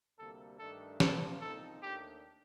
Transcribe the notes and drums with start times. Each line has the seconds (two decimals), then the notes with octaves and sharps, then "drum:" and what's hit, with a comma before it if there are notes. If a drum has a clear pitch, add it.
0.18 D2 C3 G3 A#3 A4
0.59 G2 D#3 A3 D4 A4
1.00 C3 F3 A#3 A4, drum: snare
1.41 C2 A#2 F3 C4 D#4 A4
1.82 D#2 D#3 A3 D4 G4